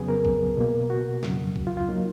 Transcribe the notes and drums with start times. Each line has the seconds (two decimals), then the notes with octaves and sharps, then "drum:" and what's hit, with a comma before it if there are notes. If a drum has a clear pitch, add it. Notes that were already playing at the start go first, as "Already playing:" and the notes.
Already playing: F2 C#3 F#3 B3 G#4
0.08 A#4
0.25 drum: kick
0.57 B2 A#3
0.90 F#4
1.23 F2 C#3 F#3, drum: snare
1.56 drum: kick
1.67 F4
1.77 F4
1.88 F#3 A#3 D#4